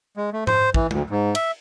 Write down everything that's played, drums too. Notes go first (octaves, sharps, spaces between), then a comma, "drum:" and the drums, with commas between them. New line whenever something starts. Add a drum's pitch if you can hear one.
G#3
A3
C5, drum: tom G#2
E3, drum: kick
D2, drum: tom
G#2
E5, drum: cymbal